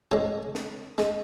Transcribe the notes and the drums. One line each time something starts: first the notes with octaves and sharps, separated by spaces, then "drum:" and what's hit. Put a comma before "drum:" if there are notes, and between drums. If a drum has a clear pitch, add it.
A1 G#2 G#3 C#5
drum: snare
G#3, drum: snare